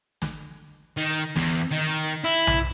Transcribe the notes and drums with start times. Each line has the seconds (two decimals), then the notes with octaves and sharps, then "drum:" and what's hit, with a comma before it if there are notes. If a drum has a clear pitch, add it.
0.22 drum: snare
0.97 D#3
1.36 E2, drum: snare
1.71 D#3
2.24 E4
2.47 drum: tom B1